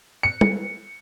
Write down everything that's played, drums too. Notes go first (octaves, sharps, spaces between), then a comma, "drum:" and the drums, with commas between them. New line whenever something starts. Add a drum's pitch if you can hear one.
C#7
drum: tom